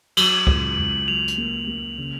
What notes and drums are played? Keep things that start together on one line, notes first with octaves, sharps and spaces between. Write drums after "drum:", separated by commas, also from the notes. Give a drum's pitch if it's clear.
F#3 F#7, drum: cymbal
C#2, drum: kick
C#2
F#3 F7
drum: hi-hat
A#3
A#3
C#3